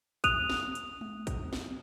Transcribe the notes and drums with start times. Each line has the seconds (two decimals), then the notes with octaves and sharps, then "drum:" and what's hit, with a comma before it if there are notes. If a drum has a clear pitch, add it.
0.24 D#6 F#6 D#7 F7, drum: kick, hi-hat
0.50 drum: snare
0.75 drum: hi-hat
1.01 drum: tom G#3
1.27 drum: kick, hi-hat
1.53 drum: snare